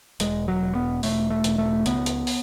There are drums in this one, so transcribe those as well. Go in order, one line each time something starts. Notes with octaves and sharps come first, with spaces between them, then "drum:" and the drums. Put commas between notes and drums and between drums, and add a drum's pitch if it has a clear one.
E1 G#3, drum: hi-hat
F#3
E1
B3
E1 A3, drum: open hi-hat
A3
E1, drum: hi-hat
A3
C#2 B3, drum: hi-hat
drum: hi-hat
drum: open hi-hat